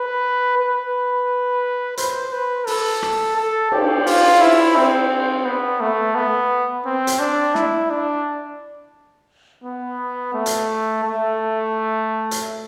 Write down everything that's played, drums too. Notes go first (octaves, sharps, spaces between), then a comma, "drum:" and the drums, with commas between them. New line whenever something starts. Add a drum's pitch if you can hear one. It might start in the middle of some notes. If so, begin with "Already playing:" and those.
Already playing: B4
B4
C5, drum: hi-hat
B4
A4, drum: open hi-hat
drum: rim click
A4
G4, drum: cymbal
F4, drum: open hi-hat
E4
C4
B3
A3
B3
C4
drum: hi-hat
D4
E4, drum: snare
D4
B3
A3
drum: hi-hat
A3
drum: hi-hat